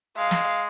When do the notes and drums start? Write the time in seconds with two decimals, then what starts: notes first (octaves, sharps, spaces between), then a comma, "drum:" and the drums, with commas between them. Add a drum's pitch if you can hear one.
0.17 G#3 F5
0.31 drum: snare